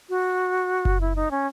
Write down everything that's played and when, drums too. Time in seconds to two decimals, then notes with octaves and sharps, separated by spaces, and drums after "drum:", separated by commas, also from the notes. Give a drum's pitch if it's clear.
0.09 F#4
0.85 drum: kick F#1
1.01 E4
1.16 D#4
1.31 C#4